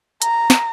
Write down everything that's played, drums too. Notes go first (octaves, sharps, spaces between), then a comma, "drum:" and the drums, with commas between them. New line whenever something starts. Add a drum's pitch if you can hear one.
A#5, drum: hi-hat
drum: snare